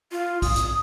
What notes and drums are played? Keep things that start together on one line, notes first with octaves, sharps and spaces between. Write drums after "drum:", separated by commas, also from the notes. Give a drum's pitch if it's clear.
F4
D#6, drum: kick, open hi-hat
drum: hi-hat